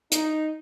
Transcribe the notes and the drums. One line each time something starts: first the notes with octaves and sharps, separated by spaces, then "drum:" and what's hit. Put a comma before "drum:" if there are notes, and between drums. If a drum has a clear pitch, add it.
D#4, drum: hi-hat